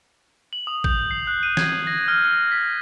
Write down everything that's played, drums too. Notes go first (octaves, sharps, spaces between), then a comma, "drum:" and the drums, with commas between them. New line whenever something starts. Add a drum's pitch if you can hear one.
F#7
D#6
G6, drum: kick A1
C7
F#6
D#7
G#6, drum: snare
A#6
F6
F6
B6